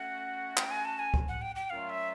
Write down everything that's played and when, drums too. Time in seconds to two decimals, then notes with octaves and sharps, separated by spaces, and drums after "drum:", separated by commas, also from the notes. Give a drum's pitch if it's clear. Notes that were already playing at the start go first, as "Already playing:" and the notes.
Already playing: A3 C#4 F#4 F#5
0.57 G5, drum: clap
0.71 G#5
0.85 A5
0.99 G#5
1.14 drum: kick
1.28 F#5
1.42 G5
1.56 G5
1.70 A#2 F#3 A3 C#4 F4 F5
1.89 E5